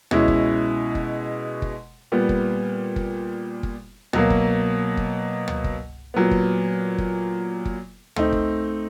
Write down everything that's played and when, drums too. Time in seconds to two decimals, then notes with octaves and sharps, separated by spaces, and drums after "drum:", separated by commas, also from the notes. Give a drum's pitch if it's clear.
0.11 B2 G#3 C#4 E4, drum: tom C#2
0.28 drum: kick
0.95 drum: kick
1.62 drum: kick
2.12 A#2 G3 B3
2.29 drum: kick
2.96 drum: kick
3.63 drum: kick
4.13 B2 F#3 A#3, drum: tom C#2
4.30 drum: kick
4.97 drum: kick
5.48 drum: tom C#2
5.64 drum: kick
6.14 A#2 F#3 B3
6.31 drum: kick
6.98 drum: kick
7.65 drum: kick
8.16 A3 C4 D#4, drum: tom C#2
8.32 drum: kick